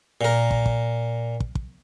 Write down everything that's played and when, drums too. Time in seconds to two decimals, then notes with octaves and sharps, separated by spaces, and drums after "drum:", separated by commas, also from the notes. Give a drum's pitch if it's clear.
0.21 A#2 A#4
0.51 drum: kick
0.66 drum: kick
1.40 drum: kick
1.55 drum: kick